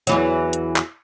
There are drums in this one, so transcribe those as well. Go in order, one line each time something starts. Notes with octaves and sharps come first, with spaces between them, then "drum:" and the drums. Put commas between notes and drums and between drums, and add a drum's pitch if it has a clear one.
E2 E3 F#3, drum: hi-hat
drum: hi-hat
drum: clap